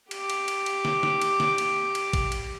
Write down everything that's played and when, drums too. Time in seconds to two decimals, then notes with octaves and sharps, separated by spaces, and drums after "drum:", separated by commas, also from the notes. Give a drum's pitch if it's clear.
0.11 G4 D6, drum: cymbal
0.30 drum: cymbal
0.48 drum: cymbal
0.66 drum: cymbal
0.85 drum: snare
1.03 drum: snare
1.21 drum: cymbal
1.40 drum: snare
1.58 drum: cymbal
1.95 drum: cymbal
2.13 drum: kick, cymbal
2.32 drum: cymbal